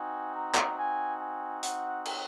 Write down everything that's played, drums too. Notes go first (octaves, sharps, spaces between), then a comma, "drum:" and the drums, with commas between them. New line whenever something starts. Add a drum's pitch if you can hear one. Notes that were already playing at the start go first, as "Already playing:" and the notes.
Already playing: C4 D#4 F#4 G#5
A#5
drum: clap
G#5
G#5
F#5, drum: hi-hat
drum: cymbal